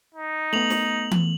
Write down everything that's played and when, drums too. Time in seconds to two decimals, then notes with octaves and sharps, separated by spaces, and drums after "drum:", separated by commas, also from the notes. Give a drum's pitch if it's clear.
0.14 D#4
0.53 A3 B3 F7 F#7
0.70 drum: snare
1.11 drum: tom E3